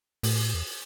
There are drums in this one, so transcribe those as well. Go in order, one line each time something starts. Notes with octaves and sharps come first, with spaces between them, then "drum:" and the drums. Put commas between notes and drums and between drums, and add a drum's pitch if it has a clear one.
A2, drum: open hi-hat
E2